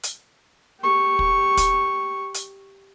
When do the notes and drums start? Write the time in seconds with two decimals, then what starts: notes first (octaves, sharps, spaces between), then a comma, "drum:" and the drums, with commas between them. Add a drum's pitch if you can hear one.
0.03 drum: hi-hat
0.80 G4 C#6
1.19 drum: kick
1.57 drum: kick, hi-hat
2.34 drum: hi-hat